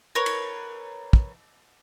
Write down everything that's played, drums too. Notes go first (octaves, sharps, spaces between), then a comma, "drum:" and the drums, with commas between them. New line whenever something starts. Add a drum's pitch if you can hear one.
A#4 B4 C#5
drum: cymbal
drum: kick